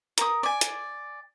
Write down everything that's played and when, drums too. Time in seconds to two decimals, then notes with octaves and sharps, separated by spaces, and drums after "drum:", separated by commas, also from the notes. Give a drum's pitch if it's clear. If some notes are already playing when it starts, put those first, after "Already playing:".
0.18 A#4 D#6, drum: hi-hat
0.43 D5 G#5
0.61 drum: hi-hat